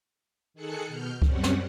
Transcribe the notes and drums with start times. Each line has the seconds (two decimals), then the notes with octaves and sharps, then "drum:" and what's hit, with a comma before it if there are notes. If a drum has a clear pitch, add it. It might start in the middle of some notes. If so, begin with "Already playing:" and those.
0.54 D#3 G#4 A4 F#6 C#7
0.87 B2 F6 G6
1.22 F#2 G3 C4 C#4 F#5, drum: kick C#2
1.43 drum: snare